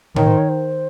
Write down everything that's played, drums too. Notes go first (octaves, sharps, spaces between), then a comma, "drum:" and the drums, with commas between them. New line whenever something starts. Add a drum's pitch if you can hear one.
D#3 C#5, drum: tom A2
C5
C#5
C5